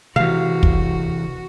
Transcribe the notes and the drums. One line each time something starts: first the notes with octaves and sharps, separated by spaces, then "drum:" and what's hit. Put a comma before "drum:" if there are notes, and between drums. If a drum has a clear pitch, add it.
C3 E3 F#4 F5
drum: kick